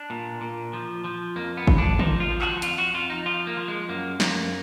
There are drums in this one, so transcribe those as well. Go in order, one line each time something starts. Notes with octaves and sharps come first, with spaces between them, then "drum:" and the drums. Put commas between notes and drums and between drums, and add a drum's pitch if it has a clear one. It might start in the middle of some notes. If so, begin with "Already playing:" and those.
Already playing: D4
A#2
A#2
F3
F3
F2 A#3
B3
F2, drum: kick G#1
D4
F3 D#4, drum: tom D3
F4
F3
F#4, drum: clap
F2 F4, drum: hi-hat
F#4
F2 F4
D#4
F3 F4
A#3
F3
G#3
F#2 A#3
F#2 A#3, drum: snare